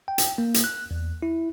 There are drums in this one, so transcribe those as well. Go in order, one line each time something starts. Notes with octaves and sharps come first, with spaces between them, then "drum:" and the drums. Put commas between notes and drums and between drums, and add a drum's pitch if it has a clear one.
G5
drum: hi-hat
A#3
drum: hi-hat
F#6
E2
E4